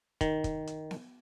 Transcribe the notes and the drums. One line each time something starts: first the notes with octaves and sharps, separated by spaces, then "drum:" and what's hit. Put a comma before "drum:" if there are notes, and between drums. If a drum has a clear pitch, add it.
D#3, drum: kick, hi-hat
drum: kick, hi-hat
drum: hi-hat
drum: snare B3